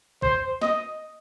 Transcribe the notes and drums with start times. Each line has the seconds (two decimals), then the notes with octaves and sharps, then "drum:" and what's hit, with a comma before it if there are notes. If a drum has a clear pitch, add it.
0.22 C5, drum: kick
0.62 D#5, drum: snare